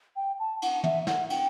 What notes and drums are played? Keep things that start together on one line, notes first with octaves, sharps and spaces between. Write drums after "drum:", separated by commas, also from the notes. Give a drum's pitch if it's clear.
G5
A5
F#5, drum: cymbal
E5, drum: tom
F#5, drum: snare
G5, drum: cymbal